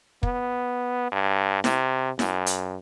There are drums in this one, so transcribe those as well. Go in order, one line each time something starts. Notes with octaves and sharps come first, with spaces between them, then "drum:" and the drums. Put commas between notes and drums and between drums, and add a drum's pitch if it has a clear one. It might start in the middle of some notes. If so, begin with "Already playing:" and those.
B3, drum: kick
G2
C3, drum: snare E4
F#2, drum: snare E4
drum: hi-hat